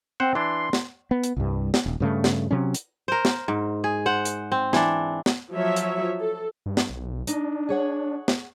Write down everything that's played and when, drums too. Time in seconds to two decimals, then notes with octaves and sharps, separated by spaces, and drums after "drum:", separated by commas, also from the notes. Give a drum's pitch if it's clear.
0.20 C4 C5 F#5
0.35 E3 D4 C6
0.73 drum: snare
1.11 B3
1.23 drum: hi-hat
1.37 C2 G2
1.74 drum: snare
1.86 D#1
2.00 G2 C#3 A3
2.24 drum: snare
2.51 C3 F#3 C#4
2.74 drum: hi-hat
3.08 A#4 C5
3.25 drum: snare
3.48 G#2
3.84 G#4
4.06 C5 F#5
4.25 drum: hi-hat
4.52 C4
4.73 E3 D4, drum: snare
5.26 drum: snare
5.52 F3 F#3 C#5 E5
5.76 drum: hi-hat
6.20 A4
6.66 G2
6.77 drum: snare
6.90 B1
7.27 D4 D#4, drum: hi-hat
7.69 G#4 C#5 F#5
8.28 drum: snare